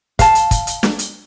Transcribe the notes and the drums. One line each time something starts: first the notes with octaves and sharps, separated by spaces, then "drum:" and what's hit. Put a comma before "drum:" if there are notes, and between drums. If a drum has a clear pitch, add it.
F5 A5, drum: kick, hi-hat
drum: hi-hat
drum: kick, hi-hat
drum: hi-hat
drum: snare
drum: hi-hat